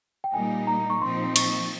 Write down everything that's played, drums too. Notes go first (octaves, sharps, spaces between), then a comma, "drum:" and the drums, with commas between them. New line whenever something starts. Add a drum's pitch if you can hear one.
G5
A#2 G3 A#3 D#4 G#5
A#5
C#6
A#2 F3 C4 D#4 C6
C#6, drum: cymbal